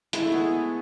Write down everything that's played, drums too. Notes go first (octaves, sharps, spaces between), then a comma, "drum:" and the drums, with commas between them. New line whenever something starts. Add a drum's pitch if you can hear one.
G#3 E4, drum: hi-hat
A3
B3 G#4